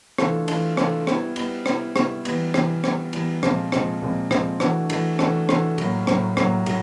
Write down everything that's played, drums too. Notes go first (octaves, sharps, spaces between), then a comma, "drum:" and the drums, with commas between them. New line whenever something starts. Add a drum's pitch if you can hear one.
E3 A3 D4 F4 A4, drum: rim click
E3 A3 D4 F4 A4, drum: cymbal
E3 A3 D4 F4 A4, drum: rim click
G3 B3 E4, drum: rim click
G3 B3 E4, drum: cymbal
G3 B3 E4, drum: rim click
G3 B3 E4, drum: rim click
E3 G3 B3, drum: cymbal
E3 G3 B3, drum: rim click
E3 G3 B3, drum: rim click
E3 G3 B3, drum: cymbal
A#2 F3 G#3 C4, drum: rim click
A#2 F3 G#3 C4, drum: rim click
A#2 F3 G#3 C4
A#2 F3 G#3 C4, drum: rim click
E3 A3 D4 F#4 A4, drum: rim click
E3 A3 D4 F#4 A4, drum: cymbal
E3 A3 D4 F#4 A4, drum: rim click
E3 A3 D4 F#4 A4, drum: rim click
A2 F#3 A#3, drum: cymbal
A2 F#3 A#3, drum: rim click
A2 F#3 A#3, drum: rim click
A2 F#3, drum: cymbal